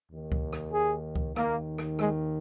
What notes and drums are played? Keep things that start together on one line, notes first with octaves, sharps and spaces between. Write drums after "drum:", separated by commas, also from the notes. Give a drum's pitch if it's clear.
D#2 D#3
drum: kick C#2
drum: rim click
G#4
drum: kick C#2
D#2 D#3 A#3, drum: rim click
drum: rim click
G#3, drum: rim click